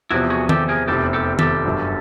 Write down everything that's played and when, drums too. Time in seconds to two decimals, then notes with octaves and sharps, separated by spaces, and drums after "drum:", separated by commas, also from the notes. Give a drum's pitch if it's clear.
0.11 E2 C3 F3 E4 F#4
0.30 F#4 G#4
0.49 G4 A4, drum: tom D#3
0.69 G#4 A#4
0.88 F1 E2 C3 G4 A4
1.13 G4 A4
1.39 G4 A4, drum: tom D#3
1.65 G1 F#2 D3